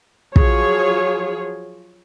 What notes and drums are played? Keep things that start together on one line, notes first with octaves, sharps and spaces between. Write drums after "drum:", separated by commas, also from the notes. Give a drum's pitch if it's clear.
F3 F#3 F4 G#4 C#5, drum: kick